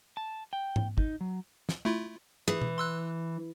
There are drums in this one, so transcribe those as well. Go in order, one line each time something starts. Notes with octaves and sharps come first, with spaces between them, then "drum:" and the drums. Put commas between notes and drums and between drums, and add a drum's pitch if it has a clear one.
A5
G5
drum: tom G#2
D#4, drum: kick
F#3
drum: snare
A3 E4 F4
E3 G#4
drum: tom B2
C6 E6 F#6